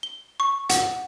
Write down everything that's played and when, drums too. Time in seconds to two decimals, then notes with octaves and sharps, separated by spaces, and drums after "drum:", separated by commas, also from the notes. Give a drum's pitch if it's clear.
0.03 G7
0.40 C#6
0.70 F#5, drum: hi-hat